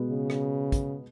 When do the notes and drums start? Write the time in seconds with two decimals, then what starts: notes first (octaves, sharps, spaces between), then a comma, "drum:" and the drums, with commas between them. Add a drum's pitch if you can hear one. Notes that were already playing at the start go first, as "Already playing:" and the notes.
Already playing: B2 G#3 B3
0.08 C#3
0.30 drum: rim click
0.72 drum: kick, hi-hat